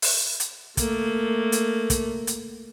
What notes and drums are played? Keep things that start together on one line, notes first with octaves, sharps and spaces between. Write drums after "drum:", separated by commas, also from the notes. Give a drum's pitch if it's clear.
drum: open hi-hat
drum: hi-hat
A3 A#3, drum: kick, hi-hat
drum: hi-hat
drum: kick, hi-hat
drum: hi-hat